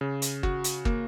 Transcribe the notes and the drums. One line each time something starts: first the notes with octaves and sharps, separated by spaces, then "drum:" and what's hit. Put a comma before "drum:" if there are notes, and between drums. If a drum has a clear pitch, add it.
C#3
drum: hi-hat
F#4, drum: kick
drum: hi-hat
A#3, drum: kick